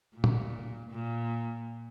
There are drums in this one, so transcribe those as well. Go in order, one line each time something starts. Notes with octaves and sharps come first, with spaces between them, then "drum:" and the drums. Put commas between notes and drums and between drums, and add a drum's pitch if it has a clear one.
A#2
drum: tom
A#2